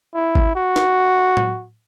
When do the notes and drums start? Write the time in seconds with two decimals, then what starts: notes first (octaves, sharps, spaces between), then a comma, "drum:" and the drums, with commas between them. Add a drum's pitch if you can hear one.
0.15 E4
0.35 drum: kick G#1
0.56 F#4
0.76 drum: snare
1.37 drum: tom A2